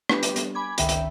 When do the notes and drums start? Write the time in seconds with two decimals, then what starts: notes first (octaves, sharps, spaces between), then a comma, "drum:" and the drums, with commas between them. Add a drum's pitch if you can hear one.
0.09 G3 B3 D4 G4 B4, drum: rim click
0.23 drum: hi-hat
0.36 drum: hi-hat
0.55 G#5 B5 D6 G#6
0.78 G1 C#2 D#3 E5 G5 B5, drum: hi-hat
0.89 drum: hi-hat